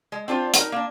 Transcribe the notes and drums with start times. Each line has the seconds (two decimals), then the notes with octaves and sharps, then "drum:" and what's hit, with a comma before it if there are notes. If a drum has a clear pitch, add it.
0.12 G#3
0.28 C4 D4 F4 C5
0.54 D#4 A#4, drum: hi-hat
0.72 A#3 D4